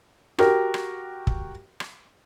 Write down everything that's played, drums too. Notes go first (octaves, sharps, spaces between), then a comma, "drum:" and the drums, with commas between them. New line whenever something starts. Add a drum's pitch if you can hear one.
F#4 G4 A#4, drum: rim click
drum: rim click
drum: kick
drum: rim click